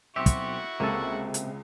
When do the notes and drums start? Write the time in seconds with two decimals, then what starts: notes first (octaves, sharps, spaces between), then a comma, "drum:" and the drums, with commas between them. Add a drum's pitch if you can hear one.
0.16 B1 C4 E4 F#4 G4 E5 C#6
0.26 drum: kick, hi-hat
0.80 C#2 C3 G#3 A#3 A4
1.34 drum: hi-hat